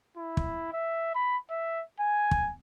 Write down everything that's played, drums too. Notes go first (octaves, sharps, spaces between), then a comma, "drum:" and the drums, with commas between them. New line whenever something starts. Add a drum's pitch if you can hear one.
E4
drum: kick
E5
B5
E5
G#5
drum: kick